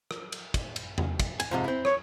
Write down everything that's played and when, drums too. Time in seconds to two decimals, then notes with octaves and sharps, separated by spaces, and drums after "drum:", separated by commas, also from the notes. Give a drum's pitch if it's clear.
0.11 drum: rim click
0.32 drum: cymbal
0.54 drum: kick, cymbal
0.76 drum: cymbal
0.98 drum: tom E2
1.20 drum: kick, cymbal
1.40 G#5, drum: cymbal
1.51 G#2 C3 F3
1.64 C4 E4
1.85 C#5, drum: rim click